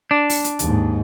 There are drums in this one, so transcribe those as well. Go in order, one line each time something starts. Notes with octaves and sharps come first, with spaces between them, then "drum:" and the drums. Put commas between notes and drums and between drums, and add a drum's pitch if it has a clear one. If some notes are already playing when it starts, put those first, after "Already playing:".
D4
drum: open hi-hat
drum: hi-hat
D#2 G#2, drum: hi-hat